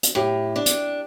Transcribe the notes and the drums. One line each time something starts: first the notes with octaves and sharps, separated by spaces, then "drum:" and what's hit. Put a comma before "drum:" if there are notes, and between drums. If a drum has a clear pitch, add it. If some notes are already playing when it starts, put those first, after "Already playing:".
drum: hi-hat
A2 G4
D4
drum: hi-hat